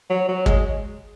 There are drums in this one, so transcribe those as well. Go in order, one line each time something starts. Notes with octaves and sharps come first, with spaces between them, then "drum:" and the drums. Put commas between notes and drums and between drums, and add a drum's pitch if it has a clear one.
F#3
F#3
G#3, drum: kick